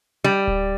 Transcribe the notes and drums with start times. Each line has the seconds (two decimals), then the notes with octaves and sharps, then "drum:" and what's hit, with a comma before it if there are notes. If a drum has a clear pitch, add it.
0.24 G3
0.47 drum: kick D1